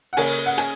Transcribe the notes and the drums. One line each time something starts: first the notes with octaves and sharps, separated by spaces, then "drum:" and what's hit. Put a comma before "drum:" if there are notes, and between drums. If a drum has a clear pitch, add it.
F#5
C#3 A#3 C#4 G#5, drum: open hi-hat
F#5
G#5, drum: hi-hat